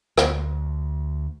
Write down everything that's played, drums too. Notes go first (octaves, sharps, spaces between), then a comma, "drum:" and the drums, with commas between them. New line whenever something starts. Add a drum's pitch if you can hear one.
D2, drum: rim click